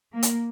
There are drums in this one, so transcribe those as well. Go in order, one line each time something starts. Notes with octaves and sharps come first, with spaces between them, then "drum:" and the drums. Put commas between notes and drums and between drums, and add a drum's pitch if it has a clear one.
A#3
drum: hi-hat